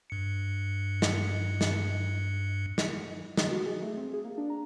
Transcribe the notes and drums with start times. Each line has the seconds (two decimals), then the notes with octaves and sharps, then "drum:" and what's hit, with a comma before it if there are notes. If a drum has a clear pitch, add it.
0.10 G2 C#7
1.02 drum: snare
1.61 drum: snare
2.78 drum: snare
3.37 D#5, drum: snare
3.51 F#4
3.66 G#4
3.82 A3
3.97 C4
4.14 G#4
4.25 A#3
4.38 D4
4.50 A#5